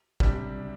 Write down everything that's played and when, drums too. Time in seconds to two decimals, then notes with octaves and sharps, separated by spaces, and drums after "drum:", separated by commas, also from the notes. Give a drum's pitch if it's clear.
0.20 C3 G3 D4, drum: kick